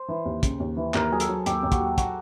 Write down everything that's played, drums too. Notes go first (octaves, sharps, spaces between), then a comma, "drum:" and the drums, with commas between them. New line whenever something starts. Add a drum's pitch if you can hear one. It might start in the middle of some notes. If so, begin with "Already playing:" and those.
Already playing: C5
E3
D#2
C#3, drum: kick, hi-hat
D#2
E3
D#2 A#4, drum: clap
F#3 G#4
A4, drum: hi-hat
F#3
D#2 G4, drum: hi-hat
D#2
F#4, drum: kick, hi-hat
F#3
F#4, drum: kick, hi-hat